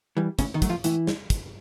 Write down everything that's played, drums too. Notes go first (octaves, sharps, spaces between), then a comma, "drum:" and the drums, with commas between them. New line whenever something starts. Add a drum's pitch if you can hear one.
E3 G3
A2 C#3 C#4, drum: kick, hi-hat
D#3 D#4
F#3 A3, drum: kick, hi-hat
F3 F4
A2 E3 E4, drum: hi-hat
drum: snare
drum: kick, hi-hat